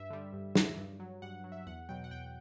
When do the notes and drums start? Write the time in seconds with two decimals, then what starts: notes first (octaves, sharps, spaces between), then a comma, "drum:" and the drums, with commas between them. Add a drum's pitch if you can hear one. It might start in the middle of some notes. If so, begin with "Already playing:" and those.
Already playing: G2 E5
0.10 D3 G3
0.33 G2
0.55 D3 G3, drum: snare
0.78 G2
1.00 F#3
1.22 G2 F#5
1.44 F#3
1.52 E5
1.66 E2 F#5
1.89 B2 F#3 G5
2.04 F#5
2.11 E2 G5